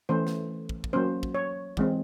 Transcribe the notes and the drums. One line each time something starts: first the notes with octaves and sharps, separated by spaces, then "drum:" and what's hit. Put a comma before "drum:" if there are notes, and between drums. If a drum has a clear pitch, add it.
E3 A3 C#4 C5
drum: snare
drum: kick
drum: kick
F#3 A#3 C#4 C5
drum: kick
C#5
E3 G#3 C4, drum: kick